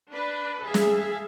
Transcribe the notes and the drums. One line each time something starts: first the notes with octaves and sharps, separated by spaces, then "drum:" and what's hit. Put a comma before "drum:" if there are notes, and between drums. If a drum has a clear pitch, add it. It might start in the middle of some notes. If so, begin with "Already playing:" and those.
D4 B4
G#4 A4 E5 F5
drum: snare